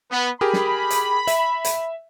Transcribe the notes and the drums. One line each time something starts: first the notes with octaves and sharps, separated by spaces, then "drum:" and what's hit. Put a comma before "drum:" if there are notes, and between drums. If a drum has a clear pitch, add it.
B3
G4 G#4 A#4 B5
drum: snare
drum: hi-hat
E5, drum: hi-hat
drum: hi-hat